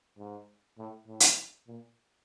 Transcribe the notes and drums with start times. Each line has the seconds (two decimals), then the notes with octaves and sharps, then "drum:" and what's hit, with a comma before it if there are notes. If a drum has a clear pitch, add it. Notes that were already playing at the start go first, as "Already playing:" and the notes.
0.18 G#2
0.78 A2
1.07 A2
1.20 drum: hi-hat
1.67 A#2